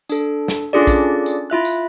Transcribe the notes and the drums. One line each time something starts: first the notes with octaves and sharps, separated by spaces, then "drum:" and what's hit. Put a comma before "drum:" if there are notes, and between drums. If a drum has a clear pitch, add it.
D4 A4, drum: tambourine
drum: snare
C#4 D4 F4 G#4 A4 D5
drum: kick, tambourine
drum: tambourine
E4 F4 E5 F#6
drum: tambourine